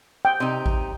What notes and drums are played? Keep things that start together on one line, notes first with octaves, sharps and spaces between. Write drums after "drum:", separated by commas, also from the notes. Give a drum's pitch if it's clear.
G5
C3 D#4
drum: kick A1